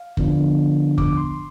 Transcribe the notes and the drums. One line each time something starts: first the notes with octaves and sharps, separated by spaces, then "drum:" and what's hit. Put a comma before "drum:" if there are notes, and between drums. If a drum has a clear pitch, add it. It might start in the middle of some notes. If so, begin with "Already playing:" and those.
Already playing: F5
D3 F3 B3 D4, drum: kick
D6, drum: kick
C6